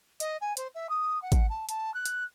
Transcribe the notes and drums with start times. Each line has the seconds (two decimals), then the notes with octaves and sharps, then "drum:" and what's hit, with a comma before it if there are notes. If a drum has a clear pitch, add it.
0.20 D#5, drum: hi-hat
0.41 G#5
0.57 C5, drum: hi-hat
0.75 E5
0.89 D#6
1.22 F#5
1.32 drum: kick G#1, hi-hat
1.50 A5
1.69 A5, drum: hi-hat
1.94 F#6
2.05 drum: hi-hat